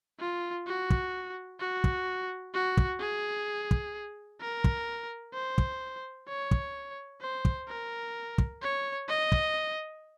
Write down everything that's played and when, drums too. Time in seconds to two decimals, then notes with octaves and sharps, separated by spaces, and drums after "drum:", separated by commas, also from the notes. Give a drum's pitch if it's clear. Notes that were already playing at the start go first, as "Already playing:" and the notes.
0.20 F4
0.67 F#4
0.90 drum: kick
1.60 F#4
1.84 drum: kick
2.54 F#4
2.77 drum: kick
3.00 G#4
3.71 drum: kick
4.41 A#4
4.64 drum: kick
5.34 C5
5.58 drum: kick
6.29 C#5
6.51 drum: kick
7.22 C5
7.45 drum: kick
7.68 A#4
8.38 drum: kick
8.62 C#5
9.09 D#5
9.32 drum: kick